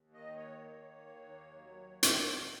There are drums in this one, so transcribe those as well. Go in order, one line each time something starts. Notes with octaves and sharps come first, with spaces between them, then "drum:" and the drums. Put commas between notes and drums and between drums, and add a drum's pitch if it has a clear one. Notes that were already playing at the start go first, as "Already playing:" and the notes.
Already playing: D#2
D#3 D#5
C#5
A#3
D#2
F#3
D#3, drum: hi-hat